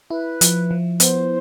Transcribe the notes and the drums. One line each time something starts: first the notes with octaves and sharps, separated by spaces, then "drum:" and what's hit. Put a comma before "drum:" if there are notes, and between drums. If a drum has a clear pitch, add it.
E4 B4
F3, drum: hi-hat
F3
B3 C5, drum: hi-hat